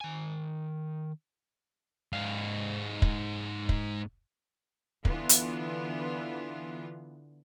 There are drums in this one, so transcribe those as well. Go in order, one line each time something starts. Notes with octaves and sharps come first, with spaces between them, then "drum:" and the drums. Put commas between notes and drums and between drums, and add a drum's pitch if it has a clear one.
D#3 G#5
G#2 F5
drum: kick
drum: kick
D3 E3 B3 F4, drum: kick
drum: hi-hat